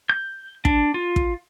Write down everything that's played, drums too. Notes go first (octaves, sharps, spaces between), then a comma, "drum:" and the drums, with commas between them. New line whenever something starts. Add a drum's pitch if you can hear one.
G6
D4, drum: kick
F4
drum: kick